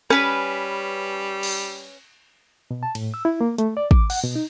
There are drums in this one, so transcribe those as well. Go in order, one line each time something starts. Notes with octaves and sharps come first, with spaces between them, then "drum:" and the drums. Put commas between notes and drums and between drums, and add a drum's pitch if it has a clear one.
G3 C#4 B4, drum: rim click
drum: cymbal
B2
A5
A2, drum: cymbal
E6
E4
A#3
A3, drum: hi-hat
D5
D6, drum: kick
F#5, drum: cymbal
B2
D#4